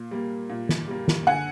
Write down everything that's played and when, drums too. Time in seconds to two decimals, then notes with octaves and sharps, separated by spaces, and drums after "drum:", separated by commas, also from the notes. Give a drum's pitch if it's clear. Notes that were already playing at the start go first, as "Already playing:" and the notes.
Already playing: A#2
0.11 G3 A#3
0.50 A#2
0.69 drum: snare
0.88 G3 A#3
1.08 drum: snare
1.27 D3 F#5 G#5